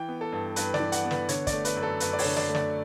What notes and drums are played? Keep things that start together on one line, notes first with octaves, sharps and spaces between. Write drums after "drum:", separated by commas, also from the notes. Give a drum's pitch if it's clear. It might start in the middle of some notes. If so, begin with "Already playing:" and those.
Already playing: E3 G5
B3
A4
G2
G2 B4, drum: hi-hat
D5, drum: snare
E3
F#5, drum: hi-hat
B3
B4, drum: snare
D3 C#5, drum: hi-hat
D5, drum: kick, hi-hat
A3
B4, drum: hi-hat
F#2
A4
F#2 B4, drum: hi-hat
D5
C#5, drum: open hi-hat
D3
D5, drum: snare
A3
D5, drum: snare